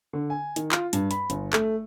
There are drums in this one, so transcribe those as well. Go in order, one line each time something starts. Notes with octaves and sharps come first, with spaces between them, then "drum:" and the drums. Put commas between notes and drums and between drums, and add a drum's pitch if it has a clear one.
D3
G#5
D#3, drum: hi-hat
F4, drum: clap
G2, drum: hi-hat
B5, drum: hi-hat
G1, drum: hi-hat
A3, drum: clap